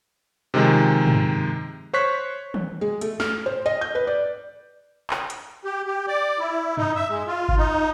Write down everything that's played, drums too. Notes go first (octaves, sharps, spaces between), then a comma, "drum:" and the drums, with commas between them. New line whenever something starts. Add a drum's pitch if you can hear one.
C3 D#3 F3 G#3
drum: tom
C5 C#5 C#6 F#6 B6
drum: tom
G#3
A3, drum: hi-hat
F6, drum: snare
C5
D#5
G6
B4
D5
drum: clap
drum: hi-hat
G4
G4
D5
E4
D#4, drum: tom F#2
E5
G#3
F4
drum: kick G1
D#4